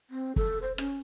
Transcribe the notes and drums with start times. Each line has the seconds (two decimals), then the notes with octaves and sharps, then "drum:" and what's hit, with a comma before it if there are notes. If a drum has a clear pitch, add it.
0.10 C4
0.36 A4, drum: kick
0.62 C5
0.78 C#4, drum: rim click